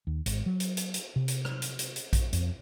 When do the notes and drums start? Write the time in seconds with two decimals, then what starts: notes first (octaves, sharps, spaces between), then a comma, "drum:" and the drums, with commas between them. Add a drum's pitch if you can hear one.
0.07 D#2
0.26 G#1, drum: hi-hat
0.46 F#3
0.60 drum: hi-hat
0.77 drum: hi-hat
0.94 drum: hi-hat
1.16 C3
1.28 drum: hi-hat
1.45 drum: rim click
1.62 drum: hi-hat
1.79 drum: hi-hat
1.96 drum: hi-hat
2.13 drum: kick A#1, hi-hat
2.33 F2, drum: hi-hat